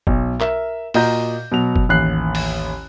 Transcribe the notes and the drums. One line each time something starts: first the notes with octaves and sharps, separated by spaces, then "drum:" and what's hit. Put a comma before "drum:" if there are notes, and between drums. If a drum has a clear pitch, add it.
B1, drum: kick F#1
A#4 E5, drum: clap
A#2 F#4 D#5 A#5 G6, drum: open hi-hat
B2 F#3 F7
drum: kick F#1
A1 D#2 F#6 C7
drum: open hi-hat